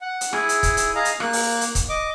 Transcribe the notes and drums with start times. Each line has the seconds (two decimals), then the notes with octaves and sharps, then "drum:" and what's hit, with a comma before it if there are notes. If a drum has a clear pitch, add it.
0.01 F#5
0.21 drum: hi-hat
0.33 E4 G#4, drum: rim click
0.49 drum: hi-hat
0.63 drum: kick, hi-hat
0.77 drum: hi-hat
0.95 G#4 D#5 F5 A#5
1.05 drum: hi-hat
1.20 A#3 F#6, drum: rim click
1.33 drum: open hi-hat
1.61 drum: hi-hat
1.75 drum: kick, hi-hat
1.89 D#5 D6